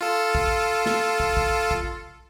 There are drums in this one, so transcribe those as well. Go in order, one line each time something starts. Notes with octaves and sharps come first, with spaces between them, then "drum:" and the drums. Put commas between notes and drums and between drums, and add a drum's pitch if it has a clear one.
F4 A4
drum: kick
drum: snare
drum: kick
drum: kick
drum: kick